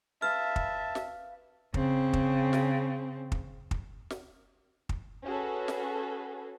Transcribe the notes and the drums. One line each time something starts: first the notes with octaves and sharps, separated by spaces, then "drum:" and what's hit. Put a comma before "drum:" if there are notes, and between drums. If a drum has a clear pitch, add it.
B4 E5 F5 A5 F6
drum: kick
drum: snare
C#3 C4, drum: kick
drum: kick
drum: snare
drum: kick
drum: kick
drum: snare
drum: kick
C#4 F#4 G#4 A4 B4
drum: snare